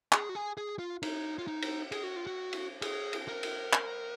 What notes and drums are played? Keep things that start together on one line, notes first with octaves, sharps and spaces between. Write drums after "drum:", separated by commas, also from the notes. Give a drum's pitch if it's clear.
G#4, drum: clap
F#4
G#4
G#4
F4
D#4, drum: cymbal
F4
D#4
drum: cymbal
G#4, drum: cymbal
F#4
F4
F#4
drum: cymbal
G#4, drum: cymbal
drum: cymbal
A#4
drum: cymbal
drum: clap